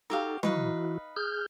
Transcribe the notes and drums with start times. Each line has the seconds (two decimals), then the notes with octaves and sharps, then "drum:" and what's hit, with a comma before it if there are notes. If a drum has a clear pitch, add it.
0.10 D#4 F#4 G4 A4 F5
0.43 E3 D#4 E4 F#4 B4 F5, drum: tom
1.16 G#4 F6 G6